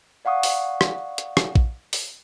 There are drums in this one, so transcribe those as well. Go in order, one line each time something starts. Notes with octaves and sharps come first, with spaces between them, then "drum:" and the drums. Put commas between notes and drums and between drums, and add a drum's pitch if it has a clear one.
D5 F5 F#5 C#6 D#6
drum: open hi-hat
drum: rim click
drum: hi-hat
drum: rim click
drum: kick A#1
drum: open hi-hat